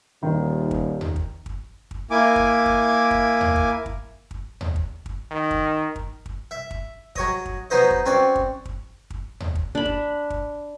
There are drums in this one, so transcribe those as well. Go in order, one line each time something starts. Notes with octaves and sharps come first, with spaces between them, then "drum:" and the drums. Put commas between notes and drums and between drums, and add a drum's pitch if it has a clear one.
D#1 D#3
drum: kick
drum: tom D#2
drum: kick
drum: kick
drum: kick
A#3 E4 G#5 D6
drum: kick
drum: kick
drum: kick
drum: tom D#2
drum: kick
drum: kick
drum: kick
drum: tom D#2
drum: kick
drum: kick
D#3
drum: kick
drum: kick
drum: kick
E5
drum: kick
F#3 C#5 D#5, drum: kick
drum: kick
F#3 B3 D#4 C5 D#5
drum: kick
C4 C#4 F#4 D5
drum: kick
drum: kick
drum: kick
drum: tom D#2
drum: kick
D4 B5
drum: kick
drum: kick